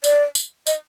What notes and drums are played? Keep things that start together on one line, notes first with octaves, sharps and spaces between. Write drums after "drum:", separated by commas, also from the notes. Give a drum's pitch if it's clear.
D5, drum: tambourine
drum: tambourine
D#5, drum: tambourine